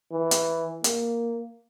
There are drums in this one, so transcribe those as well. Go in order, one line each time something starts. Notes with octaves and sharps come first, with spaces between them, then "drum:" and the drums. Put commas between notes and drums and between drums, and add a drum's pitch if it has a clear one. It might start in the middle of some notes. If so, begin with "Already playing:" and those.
E3
drum: hi-hat
A#3, drum: hi-hat